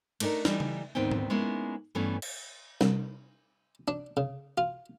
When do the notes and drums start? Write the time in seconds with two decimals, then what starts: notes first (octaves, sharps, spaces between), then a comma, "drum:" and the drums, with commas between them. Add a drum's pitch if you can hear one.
0.20 A3 D4 D#4 G4 A#4, drum: cymbal
0.45 E3 G3 D#4, drum: snare
0.60 drum: tom C#3
0.95 D2 G#2 D#3 B3 C4 G5
1.11 drum: tom G#2
1.30 G#3 A#3 B3 C#4 D#4 E4
1.95 G2 E3 A3 B3 C#4
2.22 drum: cymbal
2.81 C2, drum: snare
3.88 D4
4.17 C#3
4.58 F4